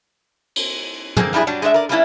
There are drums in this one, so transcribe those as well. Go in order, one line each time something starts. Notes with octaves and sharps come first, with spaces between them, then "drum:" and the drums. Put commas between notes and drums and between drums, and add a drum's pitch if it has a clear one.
drum: cymbal
D3 A#3 C4 G#4, drum: tom
F#2 G3 D4 E4 G#4
F#3 G3 D4
G#3 A3 D4 D5 E5
A#4 D5
G3 A3 A#3 C#4 D4 E4